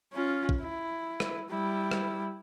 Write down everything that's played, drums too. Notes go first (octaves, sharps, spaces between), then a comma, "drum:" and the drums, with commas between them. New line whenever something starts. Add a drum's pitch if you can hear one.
C#4 F4
drum: kick
E4
drum: rim click
G3 E4
drum: rim click